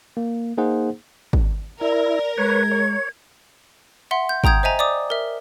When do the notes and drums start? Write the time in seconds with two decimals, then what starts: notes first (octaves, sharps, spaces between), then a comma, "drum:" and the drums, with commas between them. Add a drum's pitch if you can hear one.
0.17 A#3
0.57 A#3 D#4 G#4 C5 F#5
1.33 drum: kick
1.81 E4 A#4 D5
2.38 G#3 B4 C#5 G#6
2.71 C#5
4.11 E5 F#5 C6
4.29 G6
4.44 G5 A#5 D#6 G6 G#6, drum: kick
4.63 C5 D#5 E5 G#5 A#5
4.79 D5 D6 D#6
5.10 A#4 E5